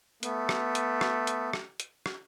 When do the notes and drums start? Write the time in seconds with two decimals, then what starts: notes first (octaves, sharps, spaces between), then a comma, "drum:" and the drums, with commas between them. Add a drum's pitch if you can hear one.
0.23 A3 B3, drum: hi-hat
0.49 drum: rim click
0.75 drum: hi-hat
1.01 drum: rim click
1.27 drum: hi-hat
1.53 drum: rim click
1.80 drum: hi-hat
2.06 drum: rim click